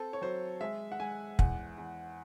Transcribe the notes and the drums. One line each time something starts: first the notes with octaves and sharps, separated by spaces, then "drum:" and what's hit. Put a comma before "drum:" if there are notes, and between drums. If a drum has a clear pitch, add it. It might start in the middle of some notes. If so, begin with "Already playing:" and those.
Already playing: C4 A4
C#5
F#3 C5
G#3 E5
F#5
G#3 G#5
E2 F#5, drum: kick
E2